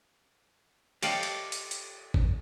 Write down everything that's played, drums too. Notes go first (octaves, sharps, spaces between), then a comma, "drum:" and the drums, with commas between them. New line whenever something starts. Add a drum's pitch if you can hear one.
G4 A4 D5 D#5 F5 G5, drum: cymbal
drum: cymbal
drum: hi-hat
drum: hi-hat
drum: kick